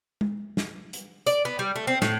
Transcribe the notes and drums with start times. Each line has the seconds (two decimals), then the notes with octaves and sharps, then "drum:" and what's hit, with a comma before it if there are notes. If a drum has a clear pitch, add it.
0.21 drum: tom G#3
0.57 drum: snare
0.93 drum: hi-hat
1.26 D5, drum: hi-hat
1.45 B3
1.59 G3
1.76 A3
1.87 C4
2.02 A2, drum: snare